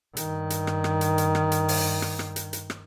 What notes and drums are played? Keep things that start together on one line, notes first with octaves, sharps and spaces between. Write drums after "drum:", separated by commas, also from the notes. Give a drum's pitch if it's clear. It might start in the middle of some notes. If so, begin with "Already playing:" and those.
G2 D#3, drum: hi-hat
drum: hi-hat
drum: rim click
drum: rim click
drum: hi-hat
drum: hi-hat
drum: rim click
drum: hi-hat
drum: open hi-hat
drum: rim click
drum: rim click
drum: hi-hat
drum: hi-hat
drum: rim click